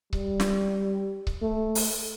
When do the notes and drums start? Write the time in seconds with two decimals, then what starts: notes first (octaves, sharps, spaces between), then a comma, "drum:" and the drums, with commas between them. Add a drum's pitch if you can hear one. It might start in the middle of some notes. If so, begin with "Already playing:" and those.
0.13 G3, drum: kick C#1
0.40 drum: snare
1.27 drum: kick C#1
1.42 A3
1.75 drum: open hi-hat